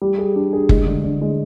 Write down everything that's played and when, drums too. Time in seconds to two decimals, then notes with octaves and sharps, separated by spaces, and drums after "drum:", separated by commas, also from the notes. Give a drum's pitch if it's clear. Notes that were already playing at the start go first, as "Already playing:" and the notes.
0.02 G3
0.18 G#4
0.36 D4
0.53 G#4
0.69 G#3, drum: kick
0.86 D3
1.04 D3
1.21 G#3